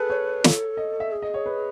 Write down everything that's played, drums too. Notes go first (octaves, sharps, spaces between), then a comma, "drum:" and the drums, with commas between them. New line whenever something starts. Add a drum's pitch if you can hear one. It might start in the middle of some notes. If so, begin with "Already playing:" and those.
Already playing: G#4 A4 B4
C#5
A4, drum: snare
D#5
E5
G#4
D#5
C#5
B4